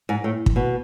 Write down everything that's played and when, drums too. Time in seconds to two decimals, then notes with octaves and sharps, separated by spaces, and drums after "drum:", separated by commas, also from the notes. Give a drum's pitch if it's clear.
0.09 G#2
0.24 A2
0.46 drum: kick
0.56 B2